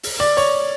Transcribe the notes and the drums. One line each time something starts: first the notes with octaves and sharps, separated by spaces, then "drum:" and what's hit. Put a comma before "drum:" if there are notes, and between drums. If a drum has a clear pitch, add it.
drum: open hi-hat
D5
C#5, drum: hi-hat